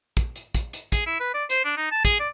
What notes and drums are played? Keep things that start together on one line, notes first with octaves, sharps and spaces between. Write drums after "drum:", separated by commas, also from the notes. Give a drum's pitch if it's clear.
drum: kick, hi-hat
drum: hi-hat
drum: kick, hi-hat
drum: hi-hat
G#4, drum: kick, hi-hat
E4
B4
D5
C5, drum: hi-hat
D4
D#4
A5
G#4, drum: kick, hi-hat
D5